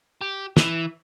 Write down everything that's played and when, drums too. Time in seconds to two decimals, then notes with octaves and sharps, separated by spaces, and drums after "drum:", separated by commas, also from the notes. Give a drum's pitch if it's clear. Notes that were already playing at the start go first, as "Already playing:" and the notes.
0.21 G4
0.57 E3, drum: snare